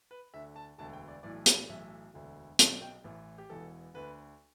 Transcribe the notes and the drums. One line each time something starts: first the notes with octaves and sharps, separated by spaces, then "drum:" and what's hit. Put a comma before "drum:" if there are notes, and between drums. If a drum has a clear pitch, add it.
B4
D2 D3 E5
A5
E1 D2 D3 A5
G5
D5
B1 A2 E3 D5
B4, drum: hi-hat
B1 A2 E3 E5
E1 D2 D3
B1 B2 A5, drum: hi-hat
G5
A1 A2 E3
G4
E1 E2 E3 A4
D2 D3 B4